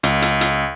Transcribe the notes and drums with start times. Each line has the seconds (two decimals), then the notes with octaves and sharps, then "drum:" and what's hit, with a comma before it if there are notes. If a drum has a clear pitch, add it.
0.03 C#2, drum: hi-hat
0.22 drum: hi-hat
0.41 drum: hi-hat